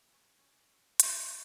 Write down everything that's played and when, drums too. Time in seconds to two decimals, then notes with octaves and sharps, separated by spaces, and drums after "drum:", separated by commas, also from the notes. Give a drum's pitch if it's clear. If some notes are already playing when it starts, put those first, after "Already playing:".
Already playing: A#3
0.12 C#4
0.38 C#4
1.00 drum: hi-hat